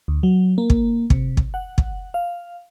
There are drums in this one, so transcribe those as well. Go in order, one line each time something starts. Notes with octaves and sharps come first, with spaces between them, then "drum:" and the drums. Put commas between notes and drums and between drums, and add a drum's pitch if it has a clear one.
D2
F#3
A#3
drum: kick
C3, drum: kick
drum: kick
F#5
drum: kick
F5